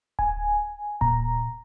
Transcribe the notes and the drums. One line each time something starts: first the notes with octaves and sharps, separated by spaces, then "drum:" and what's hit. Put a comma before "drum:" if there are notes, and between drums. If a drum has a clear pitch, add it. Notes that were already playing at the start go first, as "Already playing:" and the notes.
G#5, drum: kick D1
A#2 A#5, drum: kick D1